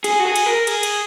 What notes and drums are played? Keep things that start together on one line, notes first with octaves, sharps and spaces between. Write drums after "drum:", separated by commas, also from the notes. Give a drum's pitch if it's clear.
G#4, drum: cymbal
F#4
G#4
drum: cymbal
A#4
G#4, drum: cymbal
drum: cymbal